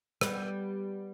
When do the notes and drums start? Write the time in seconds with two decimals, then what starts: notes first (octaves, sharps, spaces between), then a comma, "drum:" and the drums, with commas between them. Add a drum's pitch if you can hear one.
0.21 G3 B3, drum: rim click